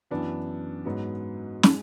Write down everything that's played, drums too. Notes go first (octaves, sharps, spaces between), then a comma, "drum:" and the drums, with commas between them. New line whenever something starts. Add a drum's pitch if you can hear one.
F#2 E3 B3 D4 F#4
G#2 F#3 B3 F#4
G#3, drum: snare